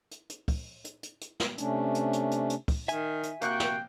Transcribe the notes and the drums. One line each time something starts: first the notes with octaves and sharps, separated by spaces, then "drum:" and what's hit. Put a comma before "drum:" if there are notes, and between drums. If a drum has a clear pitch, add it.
drum: hi-hat
drum: hi-hat
drum: kick, open hi-hat
drum: hi-hat
drum: hi-hat
drum: hi-hat
drum: snare
C3 A3 C#4 D4, drum: hi-hat
drum: hi-hat
drum: hi-hat
drum: hi-hat
drum: hi-hat
drum: kick, open hi-hat
D#3 E5 G#5, drum: hi-hat
drum: hi-hat
C3 A#3 F#4 G5 F#6, drum: hi-hat
drum: snare